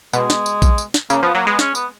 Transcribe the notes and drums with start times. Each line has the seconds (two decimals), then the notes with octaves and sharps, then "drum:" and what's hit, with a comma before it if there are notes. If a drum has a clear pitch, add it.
0.13 B2 G#3, drum: tambourine
0.30 drum: snare
0.46 drum: tambourine
0.62 drum: kick A#1, tambourine
0.78 drum: tambourine
0.94 drum: snare
1.10 C#3 A#3, drum: tambourine
1.22 F3 B3
1.35 F#3 A#3
1.47 G#3 B3
1.59 C#4, drum: snare
1.75 B3, drum: tambourine